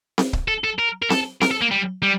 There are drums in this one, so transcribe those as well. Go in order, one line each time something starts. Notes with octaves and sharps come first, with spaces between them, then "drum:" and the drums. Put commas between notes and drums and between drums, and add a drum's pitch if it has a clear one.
drum: snare C4
drum: kick C#1
A4
A4
A#4
A#4
A4, drum: snare C4
A#4, drum: snare C4
A4
A#3
G3
G3